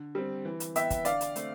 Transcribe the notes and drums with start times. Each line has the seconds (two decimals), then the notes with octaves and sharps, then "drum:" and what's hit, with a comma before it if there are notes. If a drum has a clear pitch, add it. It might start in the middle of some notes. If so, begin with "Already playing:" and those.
Already playing: D3
0.15 G3 C4
0.45 E3
0.60 drum: hi-hat
0.76 B3 E5 G5, drum: hi-hat
0.90 drum: kick, hi-hat
1.05 D3 D5 F5, drum: hi-hat
1.21 drum: hi-hat
1.36 A3 C4, drum: hi-hat